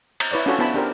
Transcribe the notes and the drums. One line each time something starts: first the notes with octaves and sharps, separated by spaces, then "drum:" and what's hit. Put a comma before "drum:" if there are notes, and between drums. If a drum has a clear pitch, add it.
A#5, drum: cymbal
E4 B4 C#5 D5
C#4 D4 F4 F#4 A4 C#5
B3 E4 C5 A5 B5
D4 G4 A#4 C5